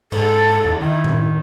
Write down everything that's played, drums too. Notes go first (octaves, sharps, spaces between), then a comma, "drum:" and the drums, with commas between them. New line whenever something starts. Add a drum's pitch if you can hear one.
G#2 A4, drum: cymbal
E2
D#3 E4
drum: tom A2